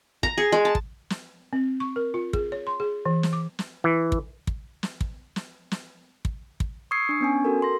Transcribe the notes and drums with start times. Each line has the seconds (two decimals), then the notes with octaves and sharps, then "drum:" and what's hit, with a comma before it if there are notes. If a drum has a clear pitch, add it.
0.23 A#5, drum: kick
0.38 G#4
0.52 G#3
0.65 A5
0.75 drum: kick
1.10 drum: snare
1.53 C4
1.80 C#6
1.96 A#4
2.14 F4
2.33 G#4, drum: kick
2.52 C#5
2.67 C6
2.80 G#4
3.05 E3
3.23 drum: snare
3.33 D6
3.59 drum: snare
3.84 E3
4.12 drum: kick
4.47 drum: kick
4.83 drum: snare
5.01 drum: kick
5.36 drum: snare
5.71 drum: snare
6.25 drum: kick
6.60 drum: kick
6.91 C#6 D#6 E6 G#6 C7 C#7
7.09 D4 C#6
7.21 B3 C#4 G#5
7.45 F#4 A4 A#4
7.62 C6 A#6